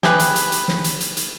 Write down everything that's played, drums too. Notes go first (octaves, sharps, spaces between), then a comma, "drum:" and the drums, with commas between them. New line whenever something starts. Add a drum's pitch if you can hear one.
G4 G#4 B4, drum: snare
drum: hi-hat
drum: hi-hat
drum: hi-hat
drum: snare
drum: hi-hat
drum: hi-hat
drum: hi-hat